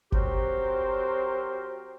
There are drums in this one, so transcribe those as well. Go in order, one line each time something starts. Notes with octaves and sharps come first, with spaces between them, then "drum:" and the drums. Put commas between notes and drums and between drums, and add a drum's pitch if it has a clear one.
F#3 C4 F#4 G4 A#4 C5, drum: kick